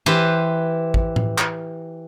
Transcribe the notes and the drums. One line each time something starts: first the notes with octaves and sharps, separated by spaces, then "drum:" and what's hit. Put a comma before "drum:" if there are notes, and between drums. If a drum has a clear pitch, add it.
E3 G4 B4 C5
drum: kick
drum: tom A2
drum: clap